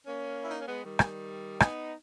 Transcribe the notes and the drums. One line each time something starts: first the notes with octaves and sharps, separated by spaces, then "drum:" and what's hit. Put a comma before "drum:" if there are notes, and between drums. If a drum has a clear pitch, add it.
A#3 C#4
E4
D#4
C#4
G#3 B3
D#3 G3
drum: rim click
B3 D#4, drum: rim click